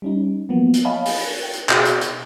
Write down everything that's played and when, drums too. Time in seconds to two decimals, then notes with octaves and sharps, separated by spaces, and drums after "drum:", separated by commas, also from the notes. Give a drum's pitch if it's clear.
0.02 G3 C#4 D#4
0.49 F3 F#3 A#3 B3
0.74 drum: hi-hat
0.85 C#5 D#5 F5 G#5 A5 B5
1.06 drum: open hi-hat
1.26 G#6
1.43 G5
1.53 drum: hi-hat
1.69 B2 F#4 G#4, drum: clap
1.85 drum: hi-hat
2.01 drum: hi-hat